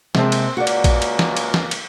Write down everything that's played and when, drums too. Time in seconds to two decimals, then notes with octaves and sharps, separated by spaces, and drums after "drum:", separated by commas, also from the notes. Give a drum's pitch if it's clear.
0.15 C3 G#3 A#3 C4 A5, drum: snare
0.32 drum: cymbal
0.57 C#2 A#3 F#4 D5
0.67 drum: cymbal
0.84 drum: kick A#1, cymbal
1.02 drum: cymbal
1.19 drum: snare
1.37 drum: cymbal
1.54 drum: snare
1.71 drum: cymbal